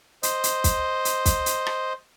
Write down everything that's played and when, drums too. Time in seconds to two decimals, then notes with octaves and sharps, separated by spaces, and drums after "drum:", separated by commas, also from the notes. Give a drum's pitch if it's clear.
0.23 C5 D#5, drum: hi-hat
0.44 drum: hi-hat
0.64 drum: kick, hi-hat
1.05 drum: hi-hat
1.26 drum: kick, hi-hat
1.46 drum: hi-hat
1.66 drum: rim click